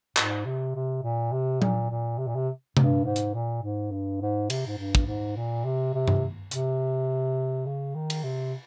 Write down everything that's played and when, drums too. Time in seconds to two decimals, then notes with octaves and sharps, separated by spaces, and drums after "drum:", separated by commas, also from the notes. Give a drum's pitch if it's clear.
0.17 G#2, drum: clap
0.45 C3
0.75 C3
1.03 A#2
1.32 C3
1.62 A#2, drum: tom F#3
1.90 A#2
2.18 C3
2.27 A#2
2.35 C3
2.77 G2, drum: tom C3
3.05 G#2
3.16 drum: hi-hat
3.34 A#2
3.63 G#2
3.91 G2
4.21 G#2
4.50 C3, drum: cymbal
4.66 G#2
4.78 G2
4.95 drum: kick
5.06 G#2
5.36 A#2
5.65 C3
5.94 C3
6.08 drum: tom G2
6.51 C3, drum: hi-hat
7.66 C#3
7.95 D#3
8.10 drum: cymbal
8.23 C3